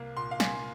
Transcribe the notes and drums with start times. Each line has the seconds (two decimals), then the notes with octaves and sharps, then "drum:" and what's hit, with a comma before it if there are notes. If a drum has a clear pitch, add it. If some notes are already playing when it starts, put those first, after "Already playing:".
Already playing: C2 A#3
0.16 A#2 C6
0.31 F5
0.40 A#3 G#5, drum: snare